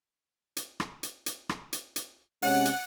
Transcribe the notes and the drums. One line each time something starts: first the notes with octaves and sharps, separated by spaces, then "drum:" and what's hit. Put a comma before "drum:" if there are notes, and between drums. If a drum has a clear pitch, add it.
drum: hi-hat
drum: rim click
drum: hi-hat
drum: hi-hat
drum: rim click
drum: hi-hat
drum: hi-hat
C3 G#3 C#4 F#5, drum: open hi-hat
drum: hi-hat